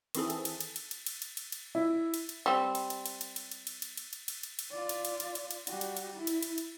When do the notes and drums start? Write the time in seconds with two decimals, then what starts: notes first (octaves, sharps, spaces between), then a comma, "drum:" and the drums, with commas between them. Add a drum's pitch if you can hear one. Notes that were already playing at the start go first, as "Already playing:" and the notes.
0.15 D#3 E3 C4 E4 G#4 A4, drum: cymbal
0.30 drum: cymbal
0.45 drum: cymbal
0.61 drum: cymbal
0.76 drum: cymbal
0.91 drum: cymbal
1.06 drum: cymbal
1.22 drum: cymbal
1.37 drum: cymbal
1.52 drum: cymbal
1.75 E4
2.14 drum: cymbal
2.29 drum: cymbal
2.46 G3 C4
2.75 drum: cymbal
2.90 drum: cymbal
3.06 drum: cymbal
3.21 drum: cymbal
3.36 drum: cymbal
3.51 drum: cymbal
3.67 drum: cymbal
3.82 drum: cymbal
3.97 drum: cymbal
4.13 drum: cymbal
4.28 drum: cymbal
4.43 drum: cymbal
4.59 drum: cymbal
4.71 F4 D5
4.89 drum: cymbal
5.05 drum: cymbal
5.20 drum: cymbal
5.35 drum: cymbal
5.51 drum: cymbal
5.67 G3 F#4, drum: cymbal
5.81 drum: cymbal
5.97 drum: cymbal
6.15 E4
6.27 drum: cymbal
6.42 drum: cymbal
6.58 drum: cymbal